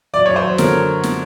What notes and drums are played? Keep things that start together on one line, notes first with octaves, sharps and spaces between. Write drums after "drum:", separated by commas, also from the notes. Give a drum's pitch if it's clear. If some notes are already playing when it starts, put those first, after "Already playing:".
F#3 D5
F#2 C#5
C5
F#3
D3 A#4, drum: snare
drum: snare